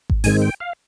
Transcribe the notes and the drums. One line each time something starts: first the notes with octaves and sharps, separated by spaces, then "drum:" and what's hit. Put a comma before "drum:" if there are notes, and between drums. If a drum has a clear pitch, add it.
drum: kick G#1
G#2 D#3 G#3 C4 G#5, drum: open hi-hat
G5
F5